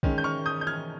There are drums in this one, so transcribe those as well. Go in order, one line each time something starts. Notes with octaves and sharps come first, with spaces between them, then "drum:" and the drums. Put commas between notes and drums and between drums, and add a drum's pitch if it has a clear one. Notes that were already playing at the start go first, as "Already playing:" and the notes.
D#3 G#3 C#4, drum: kick
G6
C#6 F6
D#6 G6
G6
F6 G#6